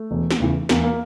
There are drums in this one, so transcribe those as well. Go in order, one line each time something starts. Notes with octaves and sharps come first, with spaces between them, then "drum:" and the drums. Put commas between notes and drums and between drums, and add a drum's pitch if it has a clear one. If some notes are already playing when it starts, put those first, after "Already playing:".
Already playing: A3
E1
drum: snare
E2 C#3 E3
E2 A#3, drum: snare
A#3